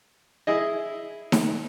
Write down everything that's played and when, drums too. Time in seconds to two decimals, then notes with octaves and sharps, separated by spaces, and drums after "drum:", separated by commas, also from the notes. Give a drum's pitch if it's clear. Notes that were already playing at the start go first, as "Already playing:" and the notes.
0.47 E4 G#4 D#5
1.32 drum: snare D#4